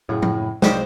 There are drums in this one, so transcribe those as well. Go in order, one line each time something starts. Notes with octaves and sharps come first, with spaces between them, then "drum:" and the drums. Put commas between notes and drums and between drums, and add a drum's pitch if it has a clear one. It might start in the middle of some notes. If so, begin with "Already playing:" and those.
F#2 A2 C#3 F4 G#4
A2, drum: tom A2
C2 F#2 C#3 G3 G#3 B4 C5 D#6, drum: snare